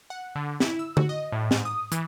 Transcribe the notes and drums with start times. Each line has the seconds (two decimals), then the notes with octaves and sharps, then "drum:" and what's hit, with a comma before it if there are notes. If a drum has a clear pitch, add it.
0.10 F#5
0.35 D3
0.60 E4, drum: snare
0.79 E6
0.97 F#4, drum: tom
1.09 D#5
1.32 A2
1.51 G#2, drum: snare
1.65 D#6
1.92 E3, drum: hi-hat